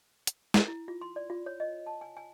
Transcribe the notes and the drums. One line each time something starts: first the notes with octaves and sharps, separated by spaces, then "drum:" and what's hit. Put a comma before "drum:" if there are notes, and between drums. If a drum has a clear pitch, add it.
drum: hi-hat
drum: snare
E4
F4
C6
D5
F4
C#5
D#5
A5
G#5
G#5